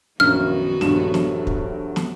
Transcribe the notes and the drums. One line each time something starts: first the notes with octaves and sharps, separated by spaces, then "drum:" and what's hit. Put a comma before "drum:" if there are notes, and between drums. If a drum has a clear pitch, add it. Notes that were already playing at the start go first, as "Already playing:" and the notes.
A#1 F#2 A2 D#3 A#3 B3 F#4 F6
A#1 G2 C3 F#3 A3 E7, drum: snare
drum: snare
drum: kick
drum: snare